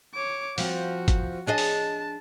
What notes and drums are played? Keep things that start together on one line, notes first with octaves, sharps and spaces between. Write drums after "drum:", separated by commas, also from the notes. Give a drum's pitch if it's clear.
C#5 D6
F3 C4 F#4, drum: open hi-hat
drum: kick, hi-hat
D4 G#4 D#5 A5
drum: open hi-hat